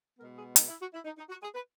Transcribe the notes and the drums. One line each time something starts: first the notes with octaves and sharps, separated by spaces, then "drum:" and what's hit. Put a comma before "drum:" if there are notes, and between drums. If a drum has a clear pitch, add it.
B2 G#3 B3 A#4
G#4
D#4, drum: hi-hat
E4
F#4
E4
D#4
D#4
F#4
G#4
B4